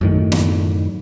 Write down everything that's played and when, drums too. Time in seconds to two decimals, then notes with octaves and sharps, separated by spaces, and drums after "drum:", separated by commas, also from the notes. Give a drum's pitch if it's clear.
0.01 F#2 A2 D#3
0.32 drum: snare